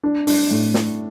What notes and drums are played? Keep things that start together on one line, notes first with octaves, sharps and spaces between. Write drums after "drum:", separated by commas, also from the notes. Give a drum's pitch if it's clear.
D4
D4, drum: open hi-hat
A2
drum: snare